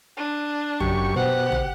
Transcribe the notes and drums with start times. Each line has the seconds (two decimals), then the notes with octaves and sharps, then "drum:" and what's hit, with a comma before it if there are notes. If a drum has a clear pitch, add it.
0.17 D4
0.80 F#2 G4 C#6, drum: tom
1.16 B2 G4 C5 F#5
1.52 drum: tom